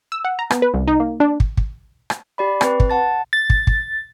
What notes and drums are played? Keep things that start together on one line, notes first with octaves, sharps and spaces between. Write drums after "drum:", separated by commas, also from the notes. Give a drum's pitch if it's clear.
E6
F#5
A#5
B3, drum: rim click
B4
C2
D#4
A#3
D4
drum: kick
drum: kick
drum: rim click
G4 D5 B5
C4 B4, drum: rim click
drum: kick
F#5 A5 A6
A6
drum: kick
drum: kick